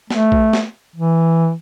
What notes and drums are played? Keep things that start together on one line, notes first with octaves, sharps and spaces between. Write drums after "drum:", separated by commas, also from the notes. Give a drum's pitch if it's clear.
A3, drum: snare
drum: kick A#1
drum: snare
E3